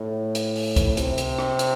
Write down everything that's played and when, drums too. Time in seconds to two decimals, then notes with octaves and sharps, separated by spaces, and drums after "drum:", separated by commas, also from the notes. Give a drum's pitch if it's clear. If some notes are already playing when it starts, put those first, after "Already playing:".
Already playing: A2
0.35 drum: hi-hat
0.56 drum: open hi-hat
0.76 drum: kick, hi-hat
0.97 C3, drum: hi-hat
1.18 drum: hi-hat
1.38 drum: rim click
1.59 drum: hi-hat